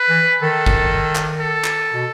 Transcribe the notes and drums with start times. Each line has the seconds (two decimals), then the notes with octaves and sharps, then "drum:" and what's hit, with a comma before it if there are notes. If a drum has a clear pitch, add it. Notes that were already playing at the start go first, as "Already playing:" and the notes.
Already playing: B4
0.09 E3
0.42 D#3 A4
0.66 drum: kick G#1
1.15 drum: clap
1.40 A4
1.64 drum: clap
1.94 B2